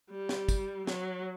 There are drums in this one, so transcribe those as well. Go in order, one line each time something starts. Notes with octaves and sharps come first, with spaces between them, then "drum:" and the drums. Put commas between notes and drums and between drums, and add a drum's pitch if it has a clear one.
G3
drum: snare
drum: kick, tambourine
F#3, drum: snare